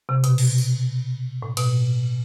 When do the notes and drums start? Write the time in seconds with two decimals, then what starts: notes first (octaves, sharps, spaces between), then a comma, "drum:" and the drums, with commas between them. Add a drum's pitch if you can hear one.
0.09 C3
0.24 B2, drum: hi-hat
0.38 drum: cymbal
0.58 drum: tambourine
1.42 A2
1.57 B2, drum: cymbal